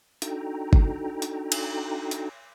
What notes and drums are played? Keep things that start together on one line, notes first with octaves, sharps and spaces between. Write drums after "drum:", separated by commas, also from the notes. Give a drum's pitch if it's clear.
D4 D#4 F#4 A4 G5 A#5, drum: hi-hat
drum: kick
drum: hi-hat
drum: cymbal
drum: hi-hat